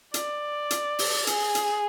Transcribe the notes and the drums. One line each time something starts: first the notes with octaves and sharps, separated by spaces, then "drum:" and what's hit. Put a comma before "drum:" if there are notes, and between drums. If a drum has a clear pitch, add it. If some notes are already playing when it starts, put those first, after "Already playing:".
D5, drum: hi-hat
drum: hi-hat
drum: open hi-hat
G#4, drum: hi-hat
drum: hi-hat